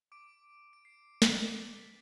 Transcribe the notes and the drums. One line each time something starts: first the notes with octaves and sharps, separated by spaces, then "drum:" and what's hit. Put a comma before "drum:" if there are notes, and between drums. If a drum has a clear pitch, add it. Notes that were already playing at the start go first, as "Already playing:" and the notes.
D6 D7
D7
C7
drum: snare
A6
B6